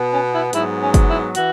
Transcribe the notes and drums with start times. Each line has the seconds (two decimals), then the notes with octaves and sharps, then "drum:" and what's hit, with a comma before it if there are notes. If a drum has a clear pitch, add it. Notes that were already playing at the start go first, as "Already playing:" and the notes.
Already playing: B2 B3
0.12 C#4
0.33 E4
0.53 G#2 F#3 B3 E4, drum: hi-hat
0.81 C#4
0.94 drum: kick F#1, hi-hat
1.07 E4
1.35 E3 F#4, drum: hi-hat